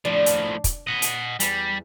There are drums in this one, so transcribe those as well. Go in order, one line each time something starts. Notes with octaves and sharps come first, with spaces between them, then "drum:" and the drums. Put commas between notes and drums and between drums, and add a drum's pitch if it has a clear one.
A2 F3 D4
drum: hi-hat
drum: kick, hi-hat
D#5 F#5
drum: hi-hat
E2 G3, drum: hi-hat